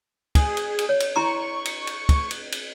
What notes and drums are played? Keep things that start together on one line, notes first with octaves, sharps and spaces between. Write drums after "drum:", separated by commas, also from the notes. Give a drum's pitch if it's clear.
G#4, drum: kick, cymbal
drum: cymbal
drum: cymbal
C#5
drum: cymbal
E4 A#5 C6 C#6
drum: cymbal
drum: cymbal
drum: kick, cymbal
drum: cymbal
drum: cymbal